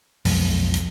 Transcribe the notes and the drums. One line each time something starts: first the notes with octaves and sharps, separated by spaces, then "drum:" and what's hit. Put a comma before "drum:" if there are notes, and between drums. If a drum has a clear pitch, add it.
B1 F2 F3 G#3, drum: open hi-hat
drum: hi-hat